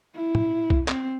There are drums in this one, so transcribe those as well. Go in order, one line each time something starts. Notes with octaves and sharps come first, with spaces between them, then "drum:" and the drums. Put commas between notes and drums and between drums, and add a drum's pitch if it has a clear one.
E4
drum: tom
drum: kick C2
C4, drum: clap